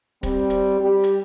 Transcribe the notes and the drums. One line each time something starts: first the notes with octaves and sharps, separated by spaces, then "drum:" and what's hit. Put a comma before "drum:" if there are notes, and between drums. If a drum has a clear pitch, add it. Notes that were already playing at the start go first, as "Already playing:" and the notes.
G3 C4, drum: kick, hi-hat
drum: hi-hat
G3 G4
drum: hi-hat